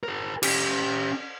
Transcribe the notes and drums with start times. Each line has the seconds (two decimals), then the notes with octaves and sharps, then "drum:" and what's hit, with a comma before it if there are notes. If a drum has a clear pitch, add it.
0.03 G#4 A#4
0.43 C#4 G4, drum: cymbal